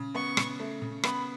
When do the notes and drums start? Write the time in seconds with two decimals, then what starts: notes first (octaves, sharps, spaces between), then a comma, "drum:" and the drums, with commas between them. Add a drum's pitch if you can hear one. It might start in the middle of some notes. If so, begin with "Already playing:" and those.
Already playing: C#3
0.15 B3 C#6
0.37 C#3, drum: rim click
0.59 A3
0.82 C#3
1.04 B3 B5, drum: rim click